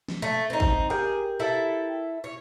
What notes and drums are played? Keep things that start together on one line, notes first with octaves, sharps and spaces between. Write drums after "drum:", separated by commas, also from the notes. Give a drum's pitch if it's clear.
drum: snare
A3
C4 D#4
drum: kick
G4 G#4 A#4 G5
E4 A4 E5
C#5